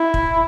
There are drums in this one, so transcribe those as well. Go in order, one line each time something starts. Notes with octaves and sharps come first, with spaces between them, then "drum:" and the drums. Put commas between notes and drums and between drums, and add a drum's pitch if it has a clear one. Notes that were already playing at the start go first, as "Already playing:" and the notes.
Already playing: E4
drum: kick